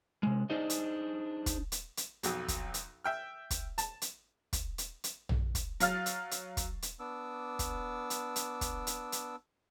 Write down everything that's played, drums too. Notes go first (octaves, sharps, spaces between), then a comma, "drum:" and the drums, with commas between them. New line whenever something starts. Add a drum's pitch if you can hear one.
C3 G#3
D4 D#4 G#4 C5 D5 D#5
drum: hi-hat
drum: kick, hi-hat
drum: hi-hat
drum: hi-hat
B1 F2 F#3, drum: hi-hat
drum: kick, hi-hat
drum: hi-hat
E5 G5 F6
drum: kick, hi-hat
A5, drum: hi-hat
drum: hi-hat
drum: kick, hi-hat
drum: hi-hat
drum: hi-hat
drum: tom A#1
drum: kick, hi-hat
F#3 F5 F6 A6, drum: hi-hat
drum: hi-hat
drum: hi-hat
drum: kick, hi-hat
drum: hi-hat
B3 D4 D6 E6
drum: kick, hi-hat
drum: hi-hat
drum: hi-hat
drum: kick, hi-hat
drum: hi-hat
drum: hi-hat